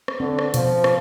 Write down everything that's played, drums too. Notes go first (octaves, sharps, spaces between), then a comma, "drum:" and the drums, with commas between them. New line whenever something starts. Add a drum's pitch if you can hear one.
drum: rim click
D3 C4
drum: rim click
B2 F3 B3, drum: hi-hat
drum: rim click